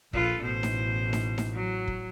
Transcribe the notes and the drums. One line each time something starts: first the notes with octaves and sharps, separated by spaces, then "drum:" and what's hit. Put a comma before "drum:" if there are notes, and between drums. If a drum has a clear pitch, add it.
A#1 F4 A4 B4, drum: kick
A1 B2 C5
drum: snare D#4
drum: snare D#4
drum: snare D#4
F#3
drum: kick